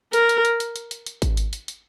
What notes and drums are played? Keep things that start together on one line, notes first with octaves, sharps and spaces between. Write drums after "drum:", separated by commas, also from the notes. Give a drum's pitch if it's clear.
A#4, drum: hi-hat
drum: hi-hat
drum: hi-hat
drum: hi-hat
drum: hi-hat
drum: hi-hat
drum: hi-hat
drum: kick G#1, hi-hat
drum: hi-hat
drum: hi-hat
drum: hi-hat